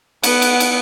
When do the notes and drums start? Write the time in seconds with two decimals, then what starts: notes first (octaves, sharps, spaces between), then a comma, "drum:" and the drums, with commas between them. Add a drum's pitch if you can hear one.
0.23 B3 F#5, drum: cymbal
0.42 drum: cymbal
0.60 drum: cymbal